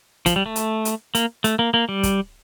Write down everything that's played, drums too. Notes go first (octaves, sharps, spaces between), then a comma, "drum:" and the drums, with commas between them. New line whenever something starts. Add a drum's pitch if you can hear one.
F3, drum: kick, hi-hat
G3
A3
drum: hi-hat
drum: hi-hat
A#3, drum: hi-hat
A3, drum: hi-hat
A#3
A#3
G3
drum: kick, hi-hat